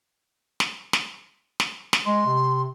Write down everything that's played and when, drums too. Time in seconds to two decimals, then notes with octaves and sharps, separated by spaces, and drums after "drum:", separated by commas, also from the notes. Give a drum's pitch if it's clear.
0.60 drum: snare
0.93 drum: snare
1.60 drum: snare
1.93 drum: snare
2.06 G#3 C6
2.26 C3